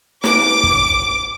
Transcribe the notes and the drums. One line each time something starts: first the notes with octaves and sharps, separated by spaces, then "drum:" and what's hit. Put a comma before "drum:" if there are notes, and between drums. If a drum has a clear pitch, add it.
D6, drum: snare
drum: kick